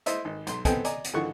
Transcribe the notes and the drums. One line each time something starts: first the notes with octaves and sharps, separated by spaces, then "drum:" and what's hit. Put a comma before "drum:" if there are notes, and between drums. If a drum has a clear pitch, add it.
E4 C5 D#5 E5, drum: hi-hat
G#1
B1 C6, drum: hi-hat
B3 C4 A4 D#5 G5 G#5, drum: kick, hi-hat
D5 D#5 G#5 A#5, drum: hi-hat
drum: hi-hat
G#1 D3 E3 F3 F#5 C#6